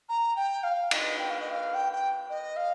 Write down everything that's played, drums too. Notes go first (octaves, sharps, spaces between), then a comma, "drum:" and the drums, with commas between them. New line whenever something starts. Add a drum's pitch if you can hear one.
A#5
G5
F5
D#5, drum: cymbal
G5
F5
D#5
F5
G5
G5
D#5
F5